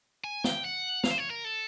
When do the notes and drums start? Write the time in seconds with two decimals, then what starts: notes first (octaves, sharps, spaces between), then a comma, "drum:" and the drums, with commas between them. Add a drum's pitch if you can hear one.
0.24 G#5
0.44 G5, drum: snare
0.64 F#5
1.04 F5, drum: snare
1.11 C5
1.18 C#5
1.30 A#4
1.45 A4